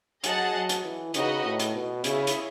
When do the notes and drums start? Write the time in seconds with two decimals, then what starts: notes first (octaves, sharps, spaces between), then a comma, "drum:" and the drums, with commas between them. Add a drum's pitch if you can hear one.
0.24 F#3 G#4 D#5 F#5 A5, drum: hi-hat
0.54 F#3
0.69 drum: hi-hat
0.85 E3
1.14 C#3 D#4 F#4 B4 D#5, drum: hi-hat
1.44 A2
1.60 drum: hi-hat
1.75 B2
2.04 C#3 E4 G#4 C#5 E5, drum: hi-hat
2.27 drum: hi-hat